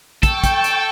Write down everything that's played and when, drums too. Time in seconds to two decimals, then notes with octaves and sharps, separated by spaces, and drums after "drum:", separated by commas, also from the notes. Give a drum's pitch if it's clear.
0.23 A4 G5 C#6, drum: kick, hi-hat
0.44 drum: kick, hi-hat
0.64 drum: hi-hat